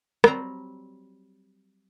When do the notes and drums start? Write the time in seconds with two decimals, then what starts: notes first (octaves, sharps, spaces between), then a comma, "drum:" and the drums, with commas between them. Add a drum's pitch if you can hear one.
0.24 F#3 G3 C4 A#5, drum: rim click